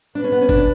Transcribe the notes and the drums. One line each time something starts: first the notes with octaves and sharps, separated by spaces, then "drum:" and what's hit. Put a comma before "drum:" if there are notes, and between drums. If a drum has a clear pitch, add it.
D4 B4
C#4
B3
C#4
D4, drum: kick